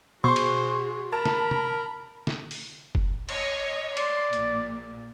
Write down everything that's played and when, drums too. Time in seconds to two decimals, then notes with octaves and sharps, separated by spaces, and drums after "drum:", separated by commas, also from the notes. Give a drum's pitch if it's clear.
0.24 B2 F#4 G#4 C5 C6 C#6
0.36 drum: cymbal
1.12 A#4 A5 B5
1.25 drum: snare
1.51 drum: tom C3
2.27 drum: snare
2.51 drum: open hi-hat
2.95 drum: kick F#1
3.29 C#5 D#5, drum: cymbal
3.97 D5 C6, drum: cymbal
4.33 A#1 A#2, drum: hi-hat